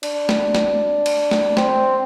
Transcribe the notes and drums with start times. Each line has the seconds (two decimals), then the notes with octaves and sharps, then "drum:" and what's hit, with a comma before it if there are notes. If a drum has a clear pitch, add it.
0.03 D4, drum: cymbal
0.29 drum: snare
0.55 drum: snare
1.06 drum: cymbal
1.31 drum: snare
1.57 C4, drum: snare